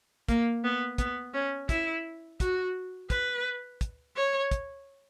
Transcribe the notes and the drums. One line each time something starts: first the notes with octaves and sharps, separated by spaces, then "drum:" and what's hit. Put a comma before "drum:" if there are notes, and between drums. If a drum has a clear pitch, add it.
A#3, drum: kick, hi-hat
B3
B3, drum: kick, hi-hat
C#4
E4, drum: kick, hi-hat
F#4, drum: kick, hi-hat
B4, drum: kick, hi-hat
drum: kick, hi-hat
C#5
drum: kick, hi-hat